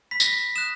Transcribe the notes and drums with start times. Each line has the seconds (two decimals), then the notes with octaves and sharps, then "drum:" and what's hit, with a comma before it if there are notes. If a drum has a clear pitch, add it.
0.11 B5 B6
0.20 A#6, drum: tambourine
0.28 B6
0.56 D#6 F#6 E7